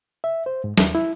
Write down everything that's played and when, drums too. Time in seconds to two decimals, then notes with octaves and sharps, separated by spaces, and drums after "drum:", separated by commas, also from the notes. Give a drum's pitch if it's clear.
0.24 E5
0.46 C5
0.64 G#2
0.77 D#2, drum: snare
0.95 E4